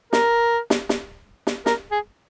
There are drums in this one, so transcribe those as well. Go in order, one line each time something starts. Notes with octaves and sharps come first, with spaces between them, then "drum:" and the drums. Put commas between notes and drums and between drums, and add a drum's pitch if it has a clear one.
A#4, drum: snare
drum: snare
drum: snare
drum: snare
A#4, drum: snare
G#4